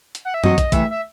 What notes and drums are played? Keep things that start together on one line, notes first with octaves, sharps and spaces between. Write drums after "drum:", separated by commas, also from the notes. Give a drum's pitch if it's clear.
drum: hi-hat
F#5
E5
F#3 C4 F#4 D#5, drum: tom F#2
drum: kick, hi-hat
C3 E3 A3 E5, drum: kick, hi-hat
E5